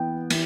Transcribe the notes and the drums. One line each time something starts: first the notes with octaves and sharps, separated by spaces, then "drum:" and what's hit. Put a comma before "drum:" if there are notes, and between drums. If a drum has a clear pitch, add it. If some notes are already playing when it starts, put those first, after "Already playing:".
Already playing: E3 B3 G5
E3, drum: cymbal